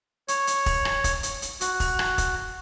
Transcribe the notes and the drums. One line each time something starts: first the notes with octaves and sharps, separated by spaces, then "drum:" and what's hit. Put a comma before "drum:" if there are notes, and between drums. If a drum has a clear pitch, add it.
C#5, drum: hi-hat
drum: hi-hat
drum: kick, open hi-hat
drum: rim click
drum: kick, hi-hat
drum: hi-hat
drum: hi-hat
F#4, drum: hi-hat
drum: kick, open hi-hat
drum: rim click
drum: kick, hi-hat